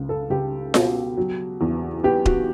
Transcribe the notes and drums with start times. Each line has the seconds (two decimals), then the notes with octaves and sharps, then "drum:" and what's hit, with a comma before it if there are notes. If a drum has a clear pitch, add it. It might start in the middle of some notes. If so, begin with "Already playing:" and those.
Already playing: C#2
0.09 A4
0.30 C#2 G4
0.74 B2, drum: snare F4
1.17 F#3
1.61 E2
2.04 B3 G4
2.25 F#4, drum: kick D#1